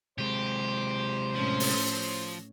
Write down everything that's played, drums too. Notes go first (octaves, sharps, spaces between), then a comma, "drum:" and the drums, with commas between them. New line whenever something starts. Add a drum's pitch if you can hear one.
C3 G#3 G4 C5
A2 F3 C#4 C#5
drum: open hi-hat